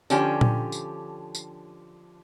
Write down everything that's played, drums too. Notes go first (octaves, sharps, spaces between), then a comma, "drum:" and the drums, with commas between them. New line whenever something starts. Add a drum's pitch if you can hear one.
D3 F3 C#4 G4, drum: tambourine
drum: tom A#2
drum: tambourine
drum: tambourine